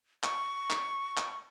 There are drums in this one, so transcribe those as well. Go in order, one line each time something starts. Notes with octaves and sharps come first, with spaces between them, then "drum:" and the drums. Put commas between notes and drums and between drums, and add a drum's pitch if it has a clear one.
C#6, drum: clap
drum: clap
drum: clap